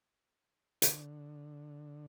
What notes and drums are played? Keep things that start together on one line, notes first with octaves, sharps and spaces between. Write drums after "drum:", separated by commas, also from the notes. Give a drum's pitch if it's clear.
D3, drum: hi-hat